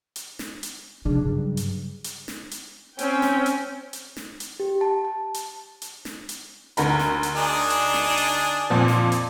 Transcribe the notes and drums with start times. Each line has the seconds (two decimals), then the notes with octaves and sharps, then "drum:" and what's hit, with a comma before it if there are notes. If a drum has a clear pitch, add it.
0.16 drum: hi-hat
0.39 drum: snare
0.63 drum: hi-hat
1.05 C#3 F#3 D4
1.25 G2
1.57 drum: hi-hat
2.04 drum: hi-hat
2.28 drum: snare
2.51 drum: hi-hat
2.99 C4 C#4 G5, drum: hi-hat
3.22 drum: snare
3.46 drum: hi-hat
3.93 drum: hi-hat
4.16 drum: snare
4.40 drum: hi-hat
4.60 G4
4.81 A5
5.05 A5
5.34 drum: hi-hat
5.82 drum: hi-hat
6.05 drum: snare
6.29 drum: hi-hat
6.77 D2 A#4 B5, drum: hi-hat
6.99 drum: snare
7.23 drum: hi-hat
7.36 D4 D#4 G#4
7.70 drum: hi-hat
7.94 drum: snare
8.17 drum: hi-hat
8.70 F2 A#2 F3
8.88 drum: snare
9.12 drum: hi-hat